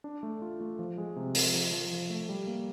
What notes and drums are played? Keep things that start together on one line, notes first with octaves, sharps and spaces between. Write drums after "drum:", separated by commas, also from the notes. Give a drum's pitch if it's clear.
D4
A3
F4
A3
F3
G#3
C3
F3, drum: open hi-hat
F3
F3
F3
A3
G3
A#3